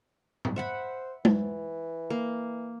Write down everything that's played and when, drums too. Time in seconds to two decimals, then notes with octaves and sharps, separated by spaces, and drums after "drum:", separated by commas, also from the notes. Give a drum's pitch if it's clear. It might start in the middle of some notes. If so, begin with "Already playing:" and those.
0.45 drum: tom
0.56 C5 E5 F#5 B5
1.25 E3, drum: tom G#3
2.10 A#3